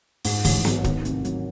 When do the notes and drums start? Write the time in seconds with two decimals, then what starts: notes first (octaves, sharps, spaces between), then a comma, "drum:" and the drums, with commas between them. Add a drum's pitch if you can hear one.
0.25 G#2, drum: open hi-hat
0.45 A1, drum: kick, open hi-hat
0.65 F#3, drum: snare B3
0.84 D#3, drum: kick, hi-hat
1.05 C3, drum: hi-hat
1.25 F#3, drum: hi-hat